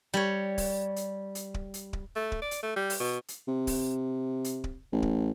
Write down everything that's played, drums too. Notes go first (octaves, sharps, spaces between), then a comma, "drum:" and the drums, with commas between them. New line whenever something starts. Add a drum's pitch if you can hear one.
G3 C#5
drum: kick D1, open hi-hat
drum: hi-hat
drum: hi-hat
drum: kick D1
drum: hi-hat
drum: kick D1
A3
drum: kick D1
D5
drum: hi-hat
A3
G3
drum: open hi-hat
B2
drum: hi-hat
C3
drum: kick D1, open hi-hat
drum: hi-hat
drum: kick D1
A1
drum: kick D1